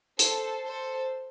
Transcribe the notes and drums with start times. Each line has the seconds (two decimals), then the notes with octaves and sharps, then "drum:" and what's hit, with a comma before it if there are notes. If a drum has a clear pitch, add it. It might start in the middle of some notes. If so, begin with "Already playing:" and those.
0.19 A4 C5, drum: hi-hat
0.65 A4 C5